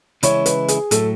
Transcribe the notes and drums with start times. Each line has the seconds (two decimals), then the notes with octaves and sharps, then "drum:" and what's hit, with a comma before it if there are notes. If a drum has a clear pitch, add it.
0.23 C#3 E3 G#3 C#4 E4 C#5, drum: hi-hat
0.46 B4, drum: hi-hat
0.68 G#4, drum: hi-hat
0.91 A2 F#3 A3 A4, drum: hi-hat